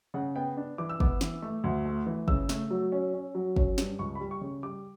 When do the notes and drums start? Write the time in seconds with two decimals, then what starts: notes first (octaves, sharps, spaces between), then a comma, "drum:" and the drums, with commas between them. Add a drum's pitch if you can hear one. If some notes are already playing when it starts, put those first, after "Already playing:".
0.14 C#3 F#5
0.36 B3 G5
0.57 D4
0.78 E3 D6
0.89 E6
1.00 B3 D6, drum: kick
1.21 E3, drum: snare
1.42 A3
1.64 D2
1.85 A3
2.06 E3
2.28 C#3 E6, drum: kick
2.49 A3, drum: snare
2.71 F#3
2.92 C#4
3.14 C#4
3.35 F#3
3.56 C#4, drum: kick
3.78 G2, drum: snare
3.99 C#2 C#6
4.15 B5
4.20 G3
4.31 C#6
4.41 C#3
4.63 G3 D6